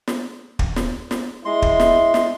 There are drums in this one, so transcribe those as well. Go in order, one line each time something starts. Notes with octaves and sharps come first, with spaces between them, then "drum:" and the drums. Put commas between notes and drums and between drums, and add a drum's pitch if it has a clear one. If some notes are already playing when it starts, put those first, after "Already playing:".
drum: snare
drum: kick
drum: snare
drum: snare
G#3 E4 C6
drum: kick
drum: snare
drum: snare